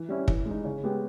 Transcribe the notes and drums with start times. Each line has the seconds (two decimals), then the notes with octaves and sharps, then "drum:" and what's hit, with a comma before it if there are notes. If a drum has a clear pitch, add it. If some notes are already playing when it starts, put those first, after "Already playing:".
Already playing: E3
0.09 G3 C#4 E4
0.28 E3, drum: kick
0.46 G#3 D#4
0.65 C#3
0.83 G#3 B3 G4